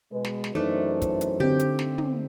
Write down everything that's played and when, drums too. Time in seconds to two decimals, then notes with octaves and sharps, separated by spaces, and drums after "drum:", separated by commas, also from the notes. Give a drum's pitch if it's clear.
0.12 B2 G#3 B4
0.24 drum: snare
0.44 drum: snare
0.55 F#2 E3 A3 D4 D#4 C5
1.02 drum: kick, hi-hat
1.21 drum: hi-hat
1.40 D3 C4 G4
1.59 drum: hi-hat
1.79 drum: snare
1.98 drum: tom